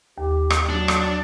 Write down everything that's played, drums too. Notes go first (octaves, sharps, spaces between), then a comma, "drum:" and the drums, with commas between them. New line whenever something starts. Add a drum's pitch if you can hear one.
D#2 G4
drum: rim click
F#3 D4
drum: rim click